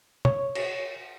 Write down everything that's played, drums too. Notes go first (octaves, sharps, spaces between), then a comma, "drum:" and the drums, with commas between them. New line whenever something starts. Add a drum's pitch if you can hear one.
C#5, drum: tom
drum: cymbal